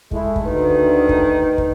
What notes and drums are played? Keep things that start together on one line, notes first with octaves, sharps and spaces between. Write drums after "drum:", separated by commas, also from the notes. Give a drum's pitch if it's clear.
G#3 A3 E4, drum: kick
drum: kick
D2 D#3 B4
drum: kick
drum: kick